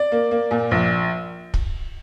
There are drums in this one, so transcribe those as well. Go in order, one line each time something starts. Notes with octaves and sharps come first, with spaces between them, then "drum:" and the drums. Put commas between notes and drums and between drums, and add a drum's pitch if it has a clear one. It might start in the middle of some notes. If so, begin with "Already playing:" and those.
Already playing: D5
A#3
A#3
A#2
A#1
drum: kick